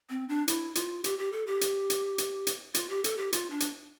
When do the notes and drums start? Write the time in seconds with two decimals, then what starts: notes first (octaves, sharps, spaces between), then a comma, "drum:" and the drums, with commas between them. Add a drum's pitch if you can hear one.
0.10 C4
0.29 D4
0.48 E4, drum: hi-hat
0.75 F4, drum: hi-hat
1.04 G4, drum: hi-hat
1.19 G4
1.32 A4
1.47 G4
1.61 drum: hi-hat
1.90 drum: hi-hat
2.18 drum: hi-hat
2.47 drum: hi-hat
2.74 F4, drum: hi-hat
2.89 G4
3.04 A4, drum: hi-hat
3.18 G4
3.33 F4, drum: hi-hat
3.50 D4
3.60 drum: hi-hat